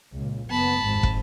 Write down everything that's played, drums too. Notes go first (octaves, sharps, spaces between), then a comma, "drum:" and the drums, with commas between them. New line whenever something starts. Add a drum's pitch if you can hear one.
C#2 A#2
F#1 B3 A5 B5
G#1 F2 G#2
drum: kick